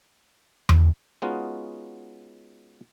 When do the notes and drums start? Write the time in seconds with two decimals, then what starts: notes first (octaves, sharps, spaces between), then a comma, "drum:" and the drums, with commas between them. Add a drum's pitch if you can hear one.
0.69 drum: tom E2
1.22 G#3 B3 C#4 D#4 F4 F#4